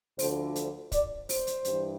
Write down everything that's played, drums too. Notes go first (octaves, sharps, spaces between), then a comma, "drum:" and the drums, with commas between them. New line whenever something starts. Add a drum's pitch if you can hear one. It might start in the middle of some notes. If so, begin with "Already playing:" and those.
D2 D3 F3 C5, drum: open hi-hat
drum: hi-hat
D5, drum: kick, hi-hat
C5, drum: open hi-hat
drum: hi-hat
G2 E3, drum: hi-hat